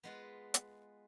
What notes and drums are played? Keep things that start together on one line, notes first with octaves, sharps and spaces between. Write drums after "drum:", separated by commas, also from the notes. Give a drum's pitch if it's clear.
G#3 B3 F4 B4
drum: hi-hat